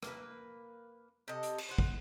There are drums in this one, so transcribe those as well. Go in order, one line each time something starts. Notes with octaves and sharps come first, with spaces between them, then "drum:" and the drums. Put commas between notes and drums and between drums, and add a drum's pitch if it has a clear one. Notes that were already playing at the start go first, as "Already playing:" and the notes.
A#3 B4, drum: rim click
C3 A4 D#5
drum: hi-hat
drum: cymbal
C5 F#5
drum: kick